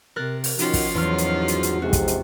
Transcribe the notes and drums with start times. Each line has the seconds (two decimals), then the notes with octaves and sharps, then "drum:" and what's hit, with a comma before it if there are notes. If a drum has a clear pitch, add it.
0.16 C3 A#4 F#6 A6
0.44 drum: open hi-hat
0.59 D#3 F3 C#4 F4 F#4, drum: hi-hat
0.74 drum: kick, open hi-hat
0.95 E2 G#2 F#3 C6 F6
1.18 drum: hi-hat
1.48 drum: hi-hat
1.63 drum: hi-hat
1.82 F2 G#2 C3 F#4
1.93 drum: kick, hi-hat
2.08 drum: hi-hat